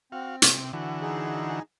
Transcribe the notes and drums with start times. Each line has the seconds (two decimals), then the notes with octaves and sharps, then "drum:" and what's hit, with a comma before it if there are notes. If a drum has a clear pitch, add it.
0.12 C4 F#4 F5
0.42 C3, drum: hi-hat
0.73 D3 E3 F#4
1.01 D#4 G#4